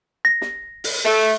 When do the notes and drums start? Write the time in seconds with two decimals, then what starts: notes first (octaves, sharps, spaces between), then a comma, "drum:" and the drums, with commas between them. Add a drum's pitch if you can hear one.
0.25 A#6
0.42 drum: snare
0.84 drum: open hi-hat
1.05 A3